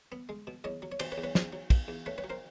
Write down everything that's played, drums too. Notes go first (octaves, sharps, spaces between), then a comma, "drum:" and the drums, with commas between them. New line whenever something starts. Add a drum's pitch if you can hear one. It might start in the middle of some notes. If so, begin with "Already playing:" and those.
B3
G#3
B2
E2 C#5 D#5
F#3
C#5
B2 C5 D5, drum: cymbal
B4 C#5
E2
B4 C#5
E2 C5 D5, drum: snare
F#3
B2, drum: kick, cymbal
E2
A3 B4 C#5
B4 C#5
F#3
A#4 C5